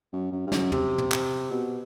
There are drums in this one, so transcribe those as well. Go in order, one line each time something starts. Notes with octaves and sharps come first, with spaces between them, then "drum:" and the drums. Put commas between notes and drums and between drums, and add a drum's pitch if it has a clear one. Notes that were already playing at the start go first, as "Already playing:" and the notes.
F#2
F#2
G2
F#2, drum: snare
C3, drum: tom
drum: tom
drum: clap
B2